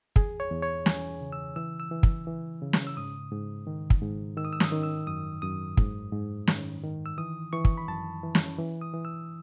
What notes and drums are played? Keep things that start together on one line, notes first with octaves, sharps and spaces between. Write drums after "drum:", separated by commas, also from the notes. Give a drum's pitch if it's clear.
E2 G#4, drum: kick
C#5
E2
C#5
E3 G#5, drum: snare
C#3
E6
E3 E6
E6
E3
drum: kick
E3
C#3
drum: snare
E6
G#2 D#6
G#2
D#3
drum: kick
G#2
D#3 E6
D#6
E6
D#6, drum: snare
D#3
E6
F#2 D#6
F#2 D#6
G#2, drum: kick
G#2
D#3, drum: snare
D#3
E6
E3 D#6
E3 C#6
drum: kick
B5
F#2 A5
E3
drum: snare
E3
D#6
E3
E6